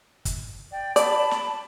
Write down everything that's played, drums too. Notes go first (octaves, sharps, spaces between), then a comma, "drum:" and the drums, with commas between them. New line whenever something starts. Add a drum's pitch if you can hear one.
drum: kick, hi-hat
D5 G5
D5 A5 B5 D6, drum: hi-hat
drum: snare